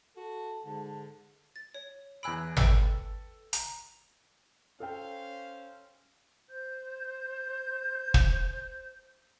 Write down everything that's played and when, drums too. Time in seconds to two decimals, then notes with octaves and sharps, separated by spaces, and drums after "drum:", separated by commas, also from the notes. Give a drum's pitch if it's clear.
0.17 F#4 A4 A5
0.65 G#2 D3
1.56 A6
1.74 C#5
2.23 E2 G#5 B5 E6 F#6 D7
2.57 A4 B4 G5 E6, drum: tom G#1
3.53 A#5, drum: hi-hat
4.80 C#4 A4 C5 F5 G5
6.49 C5 G6
8.14 drum: kick